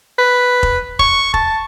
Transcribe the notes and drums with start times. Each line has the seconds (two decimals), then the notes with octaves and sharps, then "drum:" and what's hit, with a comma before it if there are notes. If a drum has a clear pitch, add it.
0.19 B4
0.63 drum: kick F1
0.99 C#6, drum: kick F1
1.34 A5, drum: kick F1